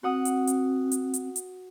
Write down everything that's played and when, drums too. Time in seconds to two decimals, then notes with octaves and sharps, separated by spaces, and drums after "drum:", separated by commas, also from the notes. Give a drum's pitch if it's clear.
0.03 C4 F#4 F#5 D#6
0.25 drum: hi-hat
0.47 drum: hi-hat
0.91 drum: hi-hat
1.14 drum: hi-hat
1.36 drum: hi-hat